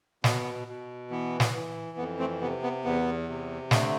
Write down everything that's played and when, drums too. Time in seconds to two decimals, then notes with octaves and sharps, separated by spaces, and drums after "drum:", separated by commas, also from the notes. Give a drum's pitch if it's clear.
0.24 B2 B3, drum: snare
0.68 B2
1.10 E3 B3
1.40 drum: snare
1.54 E3
1.98 F2 B3
2.19 A3 C4
2.41 C3 B3
2.62 B3
2.84 E2 B3
3.29 C3
3.71 D3 A3, drum: snare